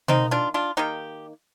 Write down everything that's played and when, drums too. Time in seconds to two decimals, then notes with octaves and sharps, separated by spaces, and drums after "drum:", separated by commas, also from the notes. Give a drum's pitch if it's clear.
0.08 D#3 A#3 C4 D#4, drum: tom
0.31 D4 F4
0.54 D4 F4
0.77 D#3 A#3 D#4 G4